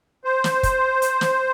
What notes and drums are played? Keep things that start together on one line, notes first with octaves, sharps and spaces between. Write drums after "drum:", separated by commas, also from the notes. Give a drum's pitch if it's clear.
C5
drum: snare
drum: kick, hi-hat
drum: hi-hat
drum: snare